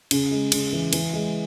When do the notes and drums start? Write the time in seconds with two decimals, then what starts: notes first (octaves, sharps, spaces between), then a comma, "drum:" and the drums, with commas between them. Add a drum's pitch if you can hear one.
0.11 C#3, drum: cymbal
0.31 G#3
0.52 C#3, drum: cymbal
0.72 E3
0.93 E3, drum: cymbal
1.13 G#3